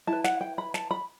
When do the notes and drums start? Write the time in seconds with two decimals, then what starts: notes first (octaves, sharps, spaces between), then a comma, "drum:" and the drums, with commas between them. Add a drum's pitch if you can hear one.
0.07 E4 B4 A5
0.24 F#5, drum: snare
0.41 G5
0.58 B5
0.74 A5, drum: snare
0.91 B5